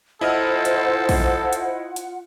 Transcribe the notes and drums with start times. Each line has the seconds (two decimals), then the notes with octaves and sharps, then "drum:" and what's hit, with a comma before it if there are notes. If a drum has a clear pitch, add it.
0.21 E4 F4 A4 C5 D#5 F#5 F6
0.65 drum: hi-hat
1.09 drum: kick A#1, open hi-hat
1.53 drum: hi-hat
1.96 drum: hi-hat